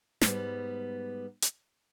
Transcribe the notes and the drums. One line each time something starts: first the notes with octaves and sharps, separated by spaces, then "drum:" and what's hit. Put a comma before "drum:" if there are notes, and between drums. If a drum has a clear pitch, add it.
G#2 G3 B3, drum: snare
drum: hi-hat